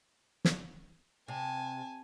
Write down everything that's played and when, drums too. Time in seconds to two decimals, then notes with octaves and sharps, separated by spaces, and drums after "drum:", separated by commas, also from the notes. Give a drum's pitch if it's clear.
0.45 drum: snare
1.28 C3 G#5 A5